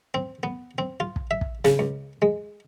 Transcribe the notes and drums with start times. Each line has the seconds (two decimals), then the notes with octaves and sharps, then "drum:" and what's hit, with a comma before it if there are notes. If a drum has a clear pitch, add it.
0.14 C4
0.43 B3
0.78 C4
1.00 F4
1.16 drum: kick
1.31 E5
1.41 drum: kick
1.65 C#3, drum: snare
1.79 C#2
2.22 G#3